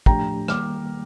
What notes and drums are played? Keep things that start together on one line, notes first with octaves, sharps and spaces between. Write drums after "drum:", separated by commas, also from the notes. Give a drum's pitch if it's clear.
A2 F3 A3 D4 G4 G5 A#5, drum: kick
D#3 G3 A#3 D6 F6, drum: rim click